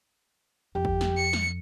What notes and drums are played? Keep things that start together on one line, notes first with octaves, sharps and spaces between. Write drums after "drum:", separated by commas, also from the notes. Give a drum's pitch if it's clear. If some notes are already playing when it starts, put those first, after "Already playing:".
F2 G4
drum: kick G1
drum: snare
C#7
drum: snare